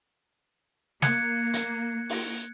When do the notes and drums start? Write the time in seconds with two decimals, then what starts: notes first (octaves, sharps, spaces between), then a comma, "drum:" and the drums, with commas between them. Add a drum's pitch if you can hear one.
1.02 A#3 F#6 G#6 C#7, drum: snare
1.53 drum: hi-hat
2.09 drum: open hi-hat